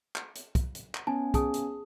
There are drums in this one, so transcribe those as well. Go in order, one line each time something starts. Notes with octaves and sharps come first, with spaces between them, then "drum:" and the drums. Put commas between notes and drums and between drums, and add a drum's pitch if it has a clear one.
drum: clap
drum: hi-hat
drum: kick, hi-hat
drum: hi-hat
drum: clap
B3 C#4 G#5 A5
G#4 A5 D#6, drum: kick, hi-hat
drum: hi-hat